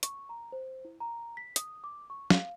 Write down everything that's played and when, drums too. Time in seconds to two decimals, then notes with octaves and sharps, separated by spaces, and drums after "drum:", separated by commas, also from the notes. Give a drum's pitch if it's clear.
0.03 C#6, drum: hi-hat
0.29 A#5
0.52 C5
0.85 E4
1.00 A#5
1.37 B6
1.56 D#6, drum: hi-hat
1.84 D6
2.10 C#6
2.30 F5, drum: snare